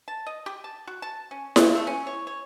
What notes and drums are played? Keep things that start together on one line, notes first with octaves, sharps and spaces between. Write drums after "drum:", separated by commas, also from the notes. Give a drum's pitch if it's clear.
A5
D#5
G4
A5
F#4
A5
C#4
F#3, drum: snare E4
A3
C#4
C#5
C#5